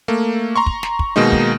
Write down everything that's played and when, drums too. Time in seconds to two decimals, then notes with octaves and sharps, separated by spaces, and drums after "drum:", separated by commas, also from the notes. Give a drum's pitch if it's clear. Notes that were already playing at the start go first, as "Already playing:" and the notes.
0.08 A3 A#3
0.56 A#5 C6 C#6
0.66 drum: kick
0.83 drum: snare
0.99 drum: kick
1.16 B2 D#3 G#3 A#3 D#4
1.32 drum: kick